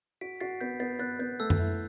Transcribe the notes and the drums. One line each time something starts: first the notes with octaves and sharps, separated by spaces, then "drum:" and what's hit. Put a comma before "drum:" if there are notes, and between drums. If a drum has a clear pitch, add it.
F#4 B6 D7
F#4 A6 C7
B3 G6 B6
B3 A6 C7
B3 F#6 A6
B3 G6
A3 E6
drum: tom F#2
E4